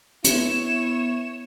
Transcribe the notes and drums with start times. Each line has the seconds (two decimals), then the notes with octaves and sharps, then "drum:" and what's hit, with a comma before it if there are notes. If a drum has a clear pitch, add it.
0.24 B3 E4 C#5 E7, drum: hi-hat